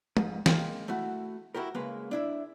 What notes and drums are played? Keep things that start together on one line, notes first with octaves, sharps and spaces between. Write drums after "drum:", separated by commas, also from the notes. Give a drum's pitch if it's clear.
F2 G#2, drum: tom
G#3 A#3 A#4 G5, drum: snare
A3 E4 F#4
E4 F#4 G4 A#4
C#3 G#3 A#3 B4
D4 E4 E5